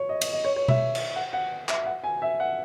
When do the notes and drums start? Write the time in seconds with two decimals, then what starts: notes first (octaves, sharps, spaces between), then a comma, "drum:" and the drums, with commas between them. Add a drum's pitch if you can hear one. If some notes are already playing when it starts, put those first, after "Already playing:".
Already playing: C#5
0.09 D#5
0.21 D#5, drum: cymbal
0.33 D#5
0.44 C#5
0.56 C#5
0.68 E5, drum: tom B2
0.95 drum: cymbal
1.16 F#5
1.33 F#5
1.69 E5, drum: clap
1.86 F#5
2.04 G#5
2.22 E5
2.40 F#5